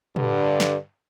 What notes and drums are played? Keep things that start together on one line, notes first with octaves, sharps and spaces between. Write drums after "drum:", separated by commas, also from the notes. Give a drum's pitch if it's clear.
G2 D3, drum: tom
drum: snare